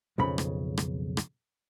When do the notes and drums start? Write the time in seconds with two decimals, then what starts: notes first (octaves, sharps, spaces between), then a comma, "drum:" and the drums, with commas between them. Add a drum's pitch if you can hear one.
0.18 B1 F2 C#3 B5
0.38 drum: rim click
0.77 drum: rim click
1.17 drum: rim click